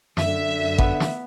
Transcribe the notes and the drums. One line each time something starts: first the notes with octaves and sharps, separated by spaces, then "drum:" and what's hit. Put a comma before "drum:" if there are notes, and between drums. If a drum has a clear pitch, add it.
F#2 D3 E5, drum: snare
B3, drum: kick G#1
drum: snare